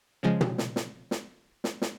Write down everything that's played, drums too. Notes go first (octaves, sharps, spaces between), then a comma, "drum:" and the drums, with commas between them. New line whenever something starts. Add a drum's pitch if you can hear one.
C#3 F3 G#3
drum: tom
drum: snare
drum: snare
drum: snare
drum: snare
drum: snare